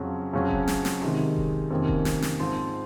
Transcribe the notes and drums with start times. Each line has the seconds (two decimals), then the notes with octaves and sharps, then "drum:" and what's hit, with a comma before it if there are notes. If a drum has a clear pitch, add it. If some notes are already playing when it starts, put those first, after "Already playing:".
Already playing: F2 C#3 F#3
0.33 F2 C#3 F#3 C#4
0.50 drum: kick E1
0.68 drum: snare
0.85 drum: snare
1.02 C3 D#3 G#3
1.36 drum: kick E1
1.70 F2 C3 D#3 A#3 C#4
1.88 drum: kick E1
2.05 drum: snare
2.22 drum: snare
2.40 G#2 F3 C4 F4